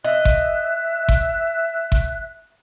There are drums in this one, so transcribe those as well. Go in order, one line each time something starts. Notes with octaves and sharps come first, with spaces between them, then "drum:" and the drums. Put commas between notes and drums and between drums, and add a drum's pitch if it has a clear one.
D#5 E5 F#6
drum: kick G1
drum: kick G1
drum: kick G1